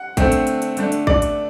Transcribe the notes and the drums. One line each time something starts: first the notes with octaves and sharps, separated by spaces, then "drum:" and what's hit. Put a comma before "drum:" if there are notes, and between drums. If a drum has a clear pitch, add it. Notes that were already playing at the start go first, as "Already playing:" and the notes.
Already playing: F#5
D3 A3 C4, drum: kick, hi-hat
drum: hi-hat
drum: hi-hat
drum: hi-hat
D3 A3 D4, drum: hi-hat
drum: hi-hat
D5, drum: kick
drum: hi-hat